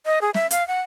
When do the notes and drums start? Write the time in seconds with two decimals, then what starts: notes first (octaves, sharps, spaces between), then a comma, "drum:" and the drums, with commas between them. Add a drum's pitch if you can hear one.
0.06 D#5
0.21 G#4
0.34 E5, drum: snare
0.51 F5, drum: hi-hat
0.68 F#5